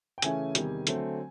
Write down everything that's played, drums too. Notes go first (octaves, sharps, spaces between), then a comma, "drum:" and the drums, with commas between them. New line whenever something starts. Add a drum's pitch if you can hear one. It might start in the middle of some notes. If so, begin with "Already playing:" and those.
G5
C#3 E3 A3 C#4 E4 G#5, drum: hi-hat
E2 C3 D#3 G3, drum: hi-hat
D3 F#3 A3 C4, drum: hi-hat